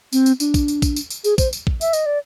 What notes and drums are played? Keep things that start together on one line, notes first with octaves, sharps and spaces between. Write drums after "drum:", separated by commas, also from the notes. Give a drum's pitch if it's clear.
C4, drum: tambourine
drum: tambourine
D4, drum: tambourine
drum: kick, tambourine
drum: tambourine
drum: kick, tambourine
drum: tambourine
drum: tambourine
G#4, drum: tambourine
C5, drum: kick, tambourine
drum: tambourine
drum: kick
E5, drum: tambourine
D#5, drum: tambourine
D5